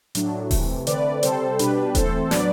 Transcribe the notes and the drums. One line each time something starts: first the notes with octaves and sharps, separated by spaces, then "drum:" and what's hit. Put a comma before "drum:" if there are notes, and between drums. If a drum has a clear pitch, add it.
A2 F#3 A3 D4, drum: hi-hat
C3 E3 A3, drum: kick D#1, open hi-hat
D3 A3 C4 B4 D5, drum: hi-hat
C3 G3 C4 A4 C5, drum: hi-hat
B2 G3 D4 G4 B4, drum: hi-hat
E3 A3 C4 A4 C5, drum: kick D#1, hi-hat
A2 F#3 B3 D4 B4 D5, drum: snare